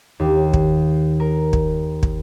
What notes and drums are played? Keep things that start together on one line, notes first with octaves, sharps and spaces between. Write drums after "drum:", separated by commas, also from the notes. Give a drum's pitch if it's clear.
D#2
drum: kick
A#4
drum: kick
drum: kick